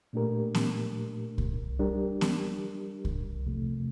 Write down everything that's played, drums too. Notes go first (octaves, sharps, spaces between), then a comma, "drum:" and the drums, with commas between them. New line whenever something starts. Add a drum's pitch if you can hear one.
A#2 A3 D4 G4 A#4
drum: snare B3
drum: kick C2
G3 D4 G4 A#4
drum: snare B3
drum: kick C2
E2 C3 F3 A3